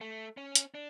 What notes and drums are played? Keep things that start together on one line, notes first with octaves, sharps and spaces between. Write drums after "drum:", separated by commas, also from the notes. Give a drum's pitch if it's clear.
A3
C#4
drum: hi-hat
D4